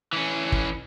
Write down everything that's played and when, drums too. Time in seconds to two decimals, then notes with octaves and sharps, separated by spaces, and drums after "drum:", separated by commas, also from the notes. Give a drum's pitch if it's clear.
0.13 E3 C#4
0.52 drum: kick